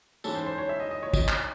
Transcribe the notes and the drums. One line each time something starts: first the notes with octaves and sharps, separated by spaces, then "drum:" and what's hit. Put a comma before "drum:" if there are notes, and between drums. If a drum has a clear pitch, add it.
G#2 E3 G#3 C#4 A4, drum: tambourine
C5
C5
C#5
E5
D#5
D#5
C#5
D#5, drum: kick, tambourine
drum: clap